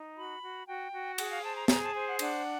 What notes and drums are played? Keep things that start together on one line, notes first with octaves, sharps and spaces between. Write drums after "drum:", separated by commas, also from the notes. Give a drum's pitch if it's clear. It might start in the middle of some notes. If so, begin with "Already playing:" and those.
Already playing: D#4
F#4 B5
F#4
F#4 G5
F#4
G#4 F#5, drum: cymbal
F5
C5 A5
A#5
G#4 A#5, drum: snare
A5
C5 G#5
F#5
D4 F#5, drum: cymbal